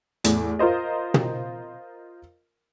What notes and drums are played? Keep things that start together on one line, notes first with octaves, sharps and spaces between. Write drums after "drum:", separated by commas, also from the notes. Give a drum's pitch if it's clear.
E2 A2, drum: hi-hat
F4 A#4 C5 D#5
drum: tom